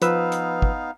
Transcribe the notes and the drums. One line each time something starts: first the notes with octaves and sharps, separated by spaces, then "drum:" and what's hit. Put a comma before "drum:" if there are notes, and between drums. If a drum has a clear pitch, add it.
F3 B3 D#4 B4 F5 E6, drum: hi-hat
drum: hi-hat
drum: kick